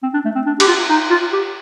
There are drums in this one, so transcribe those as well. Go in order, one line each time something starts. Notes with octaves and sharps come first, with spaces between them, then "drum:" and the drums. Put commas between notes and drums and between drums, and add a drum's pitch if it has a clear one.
C4
D4
A3
C4
D4
G4, drum: cymbal
F4
D#4
F4
G4